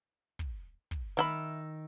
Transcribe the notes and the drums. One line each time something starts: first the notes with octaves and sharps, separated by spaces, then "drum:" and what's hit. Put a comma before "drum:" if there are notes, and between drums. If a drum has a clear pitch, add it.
drum: kick
drum: kick
D#3 E5 G5 B5 E6, drum: snare